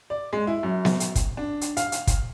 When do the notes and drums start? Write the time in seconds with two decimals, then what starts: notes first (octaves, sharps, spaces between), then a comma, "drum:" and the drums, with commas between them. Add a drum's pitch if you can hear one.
0.10 D5
0.33 G#3
0.47 E4
0.63 F#2
0.85 drum: snare B3
1.00 drum: hi-hat
1.15 drum: kick, hi-hat
1.37 D4
1.61 drum: hi-hat
1.77 F5, drum: hi-hat
1.92 drum: hi-hat
2.07 drum: kick, hi-hat